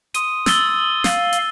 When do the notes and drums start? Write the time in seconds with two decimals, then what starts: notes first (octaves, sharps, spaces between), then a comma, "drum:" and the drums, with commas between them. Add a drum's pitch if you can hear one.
0.14 C6 D#6 D#7, drum: hi-hat
0.46 E6 A6 G7, drum: snare
1.04 F5, drum: snare
1.33 drum: hi-hat